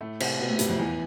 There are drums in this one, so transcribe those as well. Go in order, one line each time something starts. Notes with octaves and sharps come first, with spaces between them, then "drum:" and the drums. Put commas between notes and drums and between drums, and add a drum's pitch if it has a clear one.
A2 A3
C3 C4, drum: cymbal
B2 B3
A2 A3
G2 G3, drum: hi-hat
F2 F3
E2 E3